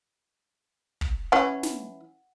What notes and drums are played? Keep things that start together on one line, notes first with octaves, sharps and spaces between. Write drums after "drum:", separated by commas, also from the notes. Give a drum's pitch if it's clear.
drum: kick
E3 C#4 F#5
drum: snare